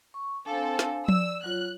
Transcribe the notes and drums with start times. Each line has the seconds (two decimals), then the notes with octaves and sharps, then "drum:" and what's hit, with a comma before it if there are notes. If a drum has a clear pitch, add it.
0.14 C#6
0.46 C4 D4 A4 F5 G#5
0.79 drum: snare
1.08 D5 E6, drum: tom F3
1.44 F#3 F4 C#5 F#6